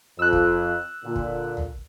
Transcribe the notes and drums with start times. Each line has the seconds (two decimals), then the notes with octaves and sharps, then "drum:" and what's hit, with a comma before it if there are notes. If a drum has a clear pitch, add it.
0.19 F2 E6 F#6
0.33 drum: kick
1.04 A#2 D3
1.16 drum: kick
1.57 drum: tom